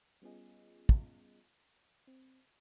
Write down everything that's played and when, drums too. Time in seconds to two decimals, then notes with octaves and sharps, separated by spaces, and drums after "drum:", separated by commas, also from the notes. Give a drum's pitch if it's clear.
0.22 G3 B3 C#4 F4 G#4 D#5
0.89 drum: kick
2.07 C4